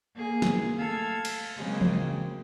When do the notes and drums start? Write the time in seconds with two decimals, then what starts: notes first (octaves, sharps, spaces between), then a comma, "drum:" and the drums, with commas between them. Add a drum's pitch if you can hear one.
0.15 A#3 G#4 G#5
0.42 drum: snare
0.78 A3 A4 F5 E6 G#6
1.25 drum: cymbal
1.56 C#3 F#3 G#3 A#3 C4
1.81 drum: tom E3